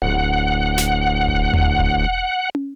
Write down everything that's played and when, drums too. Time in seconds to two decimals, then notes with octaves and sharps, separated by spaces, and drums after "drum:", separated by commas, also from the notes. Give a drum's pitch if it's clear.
0.02 D1 F#5
0.78 drum: snare
1.28 drum: kick E1
1.54 drum: tom D#2
1.79 drum: kick E1
2.55 drum: tom